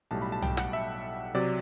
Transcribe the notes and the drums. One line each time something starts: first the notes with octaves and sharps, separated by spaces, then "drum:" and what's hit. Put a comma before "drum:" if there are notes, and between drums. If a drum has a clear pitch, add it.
B1 A2 G3 A5
B5
A5
G5, drum: tom
F#5, drum: snare
E5
C3 F#3 D5